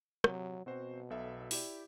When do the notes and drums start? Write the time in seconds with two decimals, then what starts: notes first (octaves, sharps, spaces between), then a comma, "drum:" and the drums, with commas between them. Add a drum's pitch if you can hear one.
0.24 C3 F#3, drum: rim click
0.66 B2 C4 F#4 C5
1.10 B1 A4 E5
1.51 E4 G4 D5, drum: open hi-hat